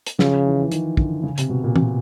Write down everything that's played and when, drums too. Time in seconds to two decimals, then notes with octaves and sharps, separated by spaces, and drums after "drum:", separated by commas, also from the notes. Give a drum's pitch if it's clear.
0.06 drum: hi-hat
0.19 C#3 F3, drum: snare
0.46 E3
0.62 E3
0.72 D#3, drum: hi-hat
0.97 D3, drum: kick
1.23 C#3
1.38 C3, drum: hi-hat
1.50 B2
1.64 A#2
1.76 A#2, drum: tom E3